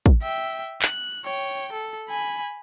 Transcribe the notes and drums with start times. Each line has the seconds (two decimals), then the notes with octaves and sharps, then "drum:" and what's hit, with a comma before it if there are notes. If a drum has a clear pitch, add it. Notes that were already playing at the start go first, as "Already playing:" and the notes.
0.06 drum: kick
0.22 E5 G5
0.82 F#6, drum: clap
1.25 C#5 G5
1.72 A4
2.10 G#5 B5